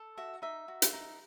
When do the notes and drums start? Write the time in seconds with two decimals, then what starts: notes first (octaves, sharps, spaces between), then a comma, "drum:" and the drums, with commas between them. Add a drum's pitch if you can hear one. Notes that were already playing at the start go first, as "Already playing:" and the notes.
Already playing: A4
0.17 F#4 E5
0.42 D#4 E5
0.68 F#4
0.82 drum: hi-hat
0.93 D#4